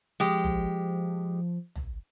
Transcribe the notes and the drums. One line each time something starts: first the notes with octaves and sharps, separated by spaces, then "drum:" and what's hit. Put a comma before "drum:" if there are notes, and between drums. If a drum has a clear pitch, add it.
F3 G#3 G4
drum: tom
drum: tom